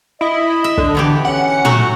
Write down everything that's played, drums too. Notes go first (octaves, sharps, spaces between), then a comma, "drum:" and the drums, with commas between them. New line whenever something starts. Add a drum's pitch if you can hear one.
E4 D#5
E5
D3, drum: kick
B2 E3 G4
C#4 F#5
F#3 A3 F#4, drum: tom